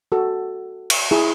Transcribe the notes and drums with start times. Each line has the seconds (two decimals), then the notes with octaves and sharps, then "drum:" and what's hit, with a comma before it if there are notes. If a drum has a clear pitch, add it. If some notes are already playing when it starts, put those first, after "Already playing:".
0.12 F#4 A4
0.90 drum: cymbal
1.11 E4 G#4